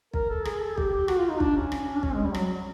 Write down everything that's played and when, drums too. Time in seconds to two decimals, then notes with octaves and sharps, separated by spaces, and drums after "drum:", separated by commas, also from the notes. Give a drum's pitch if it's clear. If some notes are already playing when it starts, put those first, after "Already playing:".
0.14 A#4, drum: kick
0.30 A4
0.45 G#4, drum: rim click
0.61 A4
0.78 G4, drum: kick
0.92 G4
1.08 F#4, drum: rim click
1.19 F4
1.29 D#4
1.40 D4, drum: kick
1.56 C#4
1.72 drum: rim click
1.95 D4
2.03 C#4, drum: kick
2.13 G#3
2.24 G3
2.34 F#3, drum: rim click